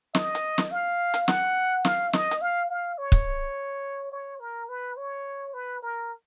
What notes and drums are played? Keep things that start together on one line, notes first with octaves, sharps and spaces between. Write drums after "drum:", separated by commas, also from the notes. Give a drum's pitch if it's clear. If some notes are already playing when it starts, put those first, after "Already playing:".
D#5, drum: snare
drum: hi-hat
drum: snare
F5
drum: hi-hat
F#5, drum: snare
F5, drum: snare
D#5, drum: snare
drum: hi-hat
F5
F5
C#5
drum: kick
C#5
A#4
B4
C#5
B4
A#4